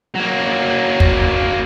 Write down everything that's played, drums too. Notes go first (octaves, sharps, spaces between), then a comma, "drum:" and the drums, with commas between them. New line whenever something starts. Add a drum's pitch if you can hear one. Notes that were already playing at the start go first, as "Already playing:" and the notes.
F#3 A#3
drum: kick